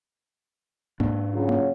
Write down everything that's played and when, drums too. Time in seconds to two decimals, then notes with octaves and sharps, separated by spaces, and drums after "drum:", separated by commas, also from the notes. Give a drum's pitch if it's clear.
1.00 G#2 D4, drum: tom A#3
1.34 C#3 F#3 F4
1.49 drum: tom A#3